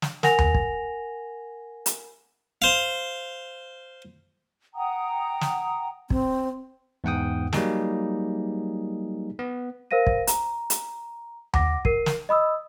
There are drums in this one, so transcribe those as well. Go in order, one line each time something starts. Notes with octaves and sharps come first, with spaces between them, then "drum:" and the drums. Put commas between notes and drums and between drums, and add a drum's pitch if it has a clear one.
drum: snare
A#4 F#5 G#5 A#6 F7, drum: snare
drum: tom D#2
drum: kick
drum: hi-hat
C5 F5
F#5 G5 A#5 D#6
drum: snare
C4, drum: kick
E2 G#2 F#5 G5 D#6
F#3 G3 A#3 D#4 G#4, drum: snare
B3
A#4 C5 F5 A#6 D#7
drum: kick
A#5, drum: hi-hat
drum: hi-hat
F#5 D6 A#6, drum: tom D#2
A#4 C7 D#7, drum: kick
drum: snare
D#5 B5 D#6 E6